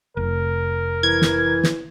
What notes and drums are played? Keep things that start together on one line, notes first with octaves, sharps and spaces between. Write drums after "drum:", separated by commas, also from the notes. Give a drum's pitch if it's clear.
F1 A#4
E3 G#6
drum: snare
drum: snare